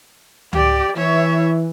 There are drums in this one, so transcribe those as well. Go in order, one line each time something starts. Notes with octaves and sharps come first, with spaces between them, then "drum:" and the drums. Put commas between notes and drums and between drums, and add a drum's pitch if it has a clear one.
G4 D5, drum: tom C#2
E3 C#5 E5